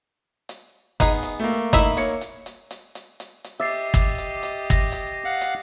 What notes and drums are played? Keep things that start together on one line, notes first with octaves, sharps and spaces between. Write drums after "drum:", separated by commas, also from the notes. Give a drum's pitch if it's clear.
drum: hi-hat
B3 D#4 G#4, drum: kick G1, hi-hat
drum: hi-hat
A3 A#3
D#4 E4 E5, drum: kick G1, hi-hat
A#3 C#5 C#7, drum: hi-hat
drum: hi-hat
drum: hi-hat
drum: hi-hat
drum: hi-hat
drum: hi-hat
drum: hi-hat
G4 D#5 E5 D6 A6 C7
drum: kick G1, hi-hat
drum: hi-hat
drum: hi-hat
A#6, drum: kick G1, hi-hat
drum: hi-hat
F5 F#5
drum: hi-hat